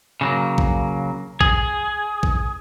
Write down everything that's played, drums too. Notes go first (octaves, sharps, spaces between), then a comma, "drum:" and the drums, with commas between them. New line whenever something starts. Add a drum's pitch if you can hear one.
C#3 F#3 A#3
drum: kick A#1
G#4, drum: kick A#1
drum: kick A#1